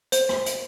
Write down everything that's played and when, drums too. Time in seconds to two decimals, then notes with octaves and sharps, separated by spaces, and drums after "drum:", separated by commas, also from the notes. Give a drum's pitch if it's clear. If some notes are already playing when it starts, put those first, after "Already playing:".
0.12 C5, drum: hi-hat
0.29 drum: rim click
0.46 drum: hi-hat